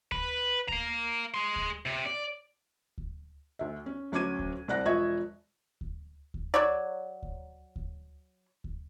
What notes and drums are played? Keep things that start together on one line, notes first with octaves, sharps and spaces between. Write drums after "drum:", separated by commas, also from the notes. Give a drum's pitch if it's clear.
B4, drum: kick D2
F5 A#5, drum: kick D2
G#4 C6
drum: kick D2
C3
D5
drum: kick D2
D2 E5
C#4
D2 F#3 C#4 D6 G#6 D#7
drum: kick D2
C2 C5 D5 F#5 F#6 A#6
E1 F3 D#5 E5 C#6 G#6
drum: kick D2
drum: kick D2
F#3 C#5 D5
drum: kick D2
drum: kick D2
drum: kick D2